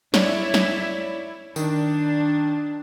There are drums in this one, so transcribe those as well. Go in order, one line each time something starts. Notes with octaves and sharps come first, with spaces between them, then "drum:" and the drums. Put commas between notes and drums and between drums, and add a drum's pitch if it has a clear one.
E4 C#5 D5, drum: snare
drum: snare
D#3 D4, drum: tambourine